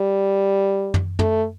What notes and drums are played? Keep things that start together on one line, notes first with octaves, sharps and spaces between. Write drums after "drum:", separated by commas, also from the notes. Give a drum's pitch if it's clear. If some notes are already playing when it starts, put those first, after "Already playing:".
Already playing: G3
drum: tom
A3, drum: tom